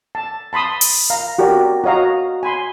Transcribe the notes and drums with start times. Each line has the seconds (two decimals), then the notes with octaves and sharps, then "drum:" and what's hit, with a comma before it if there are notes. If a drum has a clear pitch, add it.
0.15 A5
0.53 A5 B5 C6 D#6
0.81 drum: open hi-hat
1.10 F5 A#5
1.38 F#4 G4 A#4 D5
1.84 F#4 C#5 D#5 F5 A#5
2.43 G#5 B5 C6